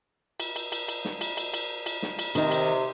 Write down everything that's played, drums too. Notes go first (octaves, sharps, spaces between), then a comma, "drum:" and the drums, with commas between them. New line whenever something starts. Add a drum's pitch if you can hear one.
drum: cymbal
drum: cymbal
drum: cymbal
drum: cymbal
drum: snare
drum: cymbal
drum: cymbal
drum: cymbal
drum: cymbal
drum: snare
drum: cymbal
C3 D#3 D#4, drum: cymbal
drum: cymbal